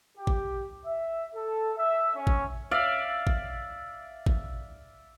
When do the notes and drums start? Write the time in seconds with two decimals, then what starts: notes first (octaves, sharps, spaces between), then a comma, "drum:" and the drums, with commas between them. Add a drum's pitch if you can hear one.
0.18 G4
0.27 drum: kick
0.86 E5
1.35 A4
1.77 E5
2.16 C#4
2.27 drum: kick
2.71 D5 E5 F5
3.27 drum: kick
4.26 drum: kick